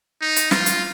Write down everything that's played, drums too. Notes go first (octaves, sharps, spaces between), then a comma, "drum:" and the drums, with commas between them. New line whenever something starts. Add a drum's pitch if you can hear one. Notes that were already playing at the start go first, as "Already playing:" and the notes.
D#4
drum: hi-hat
F4, drum: snare
drum: hi-hat